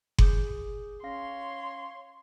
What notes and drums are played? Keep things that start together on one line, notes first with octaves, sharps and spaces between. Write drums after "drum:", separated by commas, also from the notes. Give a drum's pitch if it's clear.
G#4 D6 G6, drum: kick F#1
C#4 C#5 F5 C6 A#6